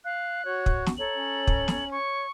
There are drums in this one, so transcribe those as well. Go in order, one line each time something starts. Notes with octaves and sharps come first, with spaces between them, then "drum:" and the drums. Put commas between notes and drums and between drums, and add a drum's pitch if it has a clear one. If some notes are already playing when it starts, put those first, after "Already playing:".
F5 F#6
F#4 C#5
drum: kick
drum: snare
A4 C#5 A#5 F#7
C#4
drum: kick
drum: snare
C#5 C#6